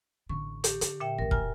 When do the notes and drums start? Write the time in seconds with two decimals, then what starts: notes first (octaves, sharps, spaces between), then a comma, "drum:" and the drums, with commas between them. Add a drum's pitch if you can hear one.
0.30 A1 D3 C#6
0.64 G4, drum: hi-hat
0.81 D3, drum: hi-hat
1.00 A#2 E5 G5
1.19 A1 D2 A#4
1.31 F#2 G#5 F6, drum: kick